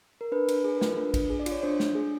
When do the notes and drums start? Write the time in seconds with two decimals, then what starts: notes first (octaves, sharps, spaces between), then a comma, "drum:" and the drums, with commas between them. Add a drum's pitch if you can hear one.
0.21 A#4
0.32 D4 B4
0.48 D4, drum: cymbal
0.54 B4
0.64 G#4
0.75 A#4
0.81 F4, drum: snare
0.97 D4 B4
1.14 D4, drum: kick A1, cymbal
1.30 G#4
1.40 D5
1.46 F4, drum: cymbal
1.52 C#5
1.63 D4 C5
1.80 D4, drum: snare
1.95 G#4